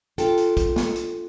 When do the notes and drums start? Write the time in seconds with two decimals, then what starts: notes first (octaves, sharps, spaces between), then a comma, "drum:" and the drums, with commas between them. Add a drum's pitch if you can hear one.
0.18 D4 F4 A4 A#4 G5, drum: hi-hat
0.37 drum: hi-hat
0.57 drum: kick, hi-hat
0.76 drum: snare
0.96 drum: hi-hat